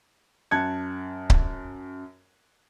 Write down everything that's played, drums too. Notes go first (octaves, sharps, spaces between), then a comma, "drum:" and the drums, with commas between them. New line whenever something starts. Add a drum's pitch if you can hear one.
F#2 A5 F#6 G#6 C#7
drum: kick C#1